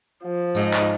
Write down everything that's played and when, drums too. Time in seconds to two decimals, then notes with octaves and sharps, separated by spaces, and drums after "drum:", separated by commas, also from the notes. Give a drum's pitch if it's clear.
0.25 F3
0.55 G#2 D#4, drum: tambourine
0.74 drum: clap